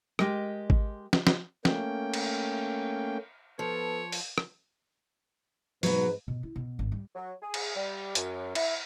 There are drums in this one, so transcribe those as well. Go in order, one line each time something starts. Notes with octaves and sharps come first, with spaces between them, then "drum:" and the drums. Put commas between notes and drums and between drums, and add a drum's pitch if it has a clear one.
G#3 G4 A#4 D#5 G5, drum: rim click
drum: kick G#1
drum: snare
drum: snare
A3 A#3 C#4 G5, drum: snare
drum: cymbal
F3 B3 A4 B4 C#5
drum: open hi-hat
drum: rim click
G#2 B2 F#3 B4, drum: open hi-hat
B2
E4
B2
G#1
G3
F#3
G#4
drum: cymbal
G3
F#2, drum: hi-hat
E4, drum: cymbal